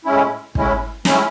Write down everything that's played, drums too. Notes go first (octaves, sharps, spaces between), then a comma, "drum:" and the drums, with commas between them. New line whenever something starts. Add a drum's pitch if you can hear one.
A2 G#3 C#4 E4
A2 G#3 C#4 E4, drum: kick
A2 G#3 C#4 E4, drum: snare